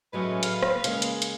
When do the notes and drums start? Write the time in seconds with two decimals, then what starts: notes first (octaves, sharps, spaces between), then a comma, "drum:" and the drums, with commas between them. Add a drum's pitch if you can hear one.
0.13 A2 F#3 G#3 A3 C#4 B4
0.43 F5, drum: hi-hat
0.63 drum: rim click
0.84 C#3 G#3 A#3 G#4 D#5, drum: hi-hat
1.02 drum: hi-hat
1.22 drum: hi-hat